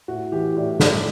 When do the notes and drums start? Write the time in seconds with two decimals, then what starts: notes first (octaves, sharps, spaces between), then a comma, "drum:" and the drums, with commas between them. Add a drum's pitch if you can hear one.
0.08 A2 F#4
0.32 E3 G4
0.56 A2 D5
0.80 A2 D5, drum: snare